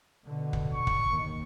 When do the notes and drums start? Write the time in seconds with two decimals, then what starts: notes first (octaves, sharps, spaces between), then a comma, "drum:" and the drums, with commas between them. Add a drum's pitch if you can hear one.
0.24 B2 D3
0.53 drum: kick
0.74 C#6
0.87 drum: kick
1.09 D#2